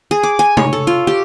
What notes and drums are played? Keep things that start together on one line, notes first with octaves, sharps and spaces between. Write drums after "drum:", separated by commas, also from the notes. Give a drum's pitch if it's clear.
G#4
D6
G#5
C#5, drum: tom
A4
F4
G4